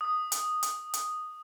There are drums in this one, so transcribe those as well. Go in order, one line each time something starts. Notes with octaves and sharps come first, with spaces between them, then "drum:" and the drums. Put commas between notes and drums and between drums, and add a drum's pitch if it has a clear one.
D#6
drum: hi-hat
drum: hi-hat
drum: hi-hat